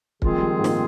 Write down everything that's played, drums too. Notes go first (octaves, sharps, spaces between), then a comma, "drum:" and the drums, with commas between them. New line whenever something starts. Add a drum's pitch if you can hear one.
D#3 F3 G#3 C4 F4 G#4, drum: kick
G3
F3
G#2
A#2, drum: snare